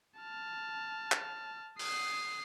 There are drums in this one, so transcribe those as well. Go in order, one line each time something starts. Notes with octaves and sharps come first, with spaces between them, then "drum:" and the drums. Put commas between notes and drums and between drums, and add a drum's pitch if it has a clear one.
A5 F6
drum: clap
D#6 C7, drum: open hi-hat